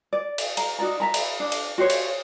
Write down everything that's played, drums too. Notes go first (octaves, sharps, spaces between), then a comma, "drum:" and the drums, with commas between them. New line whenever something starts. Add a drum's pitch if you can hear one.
D5
drum: cymbal
A#5, drum: cymbal
D#4 F#4 D5 A#5
E5 A#5 B5
drum: cymbal
D4
drum: cymbal
F#4 G4 C5 C#5
drum: cymbal